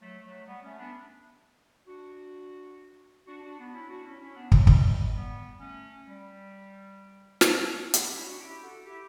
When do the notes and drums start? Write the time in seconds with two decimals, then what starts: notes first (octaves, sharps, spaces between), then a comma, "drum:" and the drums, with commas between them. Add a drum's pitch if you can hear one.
0.01 F#3 A3
0.24 F#3 A3
0.47 G3 B3
0.63 A3 C#4
0.78 B3 D4
1.87 D4 F#4
3.27 D4 F#4
3.43 D4 F#4
3.58 B3 D4
3.74 C#4 E4
3.89 D4 F#4
4.05 C#4 E4
4.20 C#4 E4
4.36 B3 D4
4.52 F#3, drum: kick
4.67 G3, drum: kick
5.14 G3 B3
5.60 A3 C#4
6.07 G3
7.41 drum: snare
7.94 B3 D4, drum: hi-hat
8.09 C#4 E4
8.25 D4 F#4
8.40 E4 G4
8.63 F#4 A4
8.86 E4 G4